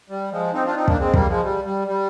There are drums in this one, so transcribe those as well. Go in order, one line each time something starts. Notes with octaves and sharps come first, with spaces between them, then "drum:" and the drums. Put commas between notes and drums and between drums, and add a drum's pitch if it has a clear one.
G3
F3 G#3
C4 D#4
D4 F4
C4 D#4
A#3 D4, drum: kick
G#3 C4
G3 A#3, drum: kick
F3 G#3
G3
G3
G3